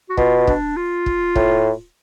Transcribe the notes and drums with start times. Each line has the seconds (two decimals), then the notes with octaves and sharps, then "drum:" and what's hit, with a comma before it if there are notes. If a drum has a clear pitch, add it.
0.10 F#4
0.17 B2 F4, drum: kick
0.37 F4
0.47 D4, drum: kick
0.76 F4
1.06 drum: kick
1.36 A2, drum: kick